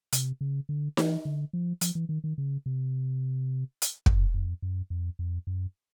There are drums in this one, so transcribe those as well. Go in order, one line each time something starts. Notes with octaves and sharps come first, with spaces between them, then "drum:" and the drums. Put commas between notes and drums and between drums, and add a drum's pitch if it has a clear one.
C3, drum: hi-hat
C#3
D3
E3, drum: snare D#4
D3
F3
F3, drum: hi-hat
E3
D#3
D#3
C#3
C3
drum: hi-hat
F#2, drum: kick
F2
F#2
F2
F2
F#2